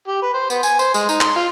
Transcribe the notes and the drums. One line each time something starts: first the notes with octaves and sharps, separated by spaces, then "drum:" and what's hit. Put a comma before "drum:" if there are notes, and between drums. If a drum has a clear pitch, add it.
G4
B4
C5
B3, drum: tambourine
G#5, drum: tambourine
C5, drum: tambourine
G#3, drum: tambourine
D#4, drum: tambourine
C6, drum: clap
F4